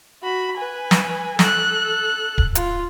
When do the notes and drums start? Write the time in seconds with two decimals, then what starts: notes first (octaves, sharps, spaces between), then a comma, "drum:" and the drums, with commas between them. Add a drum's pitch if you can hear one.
0.23 F#4 B5
0.57 B4 G#5
0.91 drum: snare
1.39 A4 F#6, drum: snare
2.38 drum: kick D1
2.55 F4, drum: hi-hat